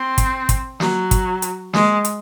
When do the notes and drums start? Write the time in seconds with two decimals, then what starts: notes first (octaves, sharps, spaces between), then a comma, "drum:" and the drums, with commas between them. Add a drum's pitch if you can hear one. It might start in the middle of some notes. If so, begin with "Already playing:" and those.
Already playing: C4
0.18 drum: kick, hi-hat
0.49 drum: kick, hi-hat
0.80 F#3, drum: snare
1.11 drum: kick, hi-hat
1.42 drum: hi-hat
1.74 G#3, drum: snare
2.05 drum: hi-hat